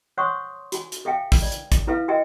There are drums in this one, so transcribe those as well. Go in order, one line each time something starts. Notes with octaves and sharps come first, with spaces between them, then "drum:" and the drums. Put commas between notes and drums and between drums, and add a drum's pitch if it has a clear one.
C5 C#5 F#5 C6 C#6 D#6
F#4 G#5, drum: hi-hat
drum: hi-hat
A4 E5 F5 G5 G#5
drum: kick, open hi-hat
D5
drum: hi-hat
drum: kick, hi-hat
E4 A4 B4 E5 F5
F#4 A#4 D#5 E5 G5 G#5